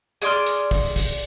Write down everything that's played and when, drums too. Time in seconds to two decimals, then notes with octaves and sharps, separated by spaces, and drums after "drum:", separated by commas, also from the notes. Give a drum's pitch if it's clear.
0.22 G#4 D5 C6 F6, drum: hi-hat
0.46 drum: hi-hat
0.71 drum: kick, open hi-hat
0.96 drum: kick, open hi-hat